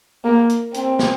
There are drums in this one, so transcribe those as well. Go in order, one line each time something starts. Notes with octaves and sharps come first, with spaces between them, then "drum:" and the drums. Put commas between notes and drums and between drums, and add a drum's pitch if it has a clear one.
A#3
drum: hi-hat
C4, drum: hi-hat
drum: snare